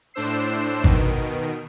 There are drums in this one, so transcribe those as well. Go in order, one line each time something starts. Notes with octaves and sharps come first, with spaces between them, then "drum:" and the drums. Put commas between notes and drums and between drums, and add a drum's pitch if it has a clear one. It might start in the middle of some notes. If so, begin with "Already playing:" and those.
A2 D4 C5 E6 C7
B2 D#3, drum: kick G#1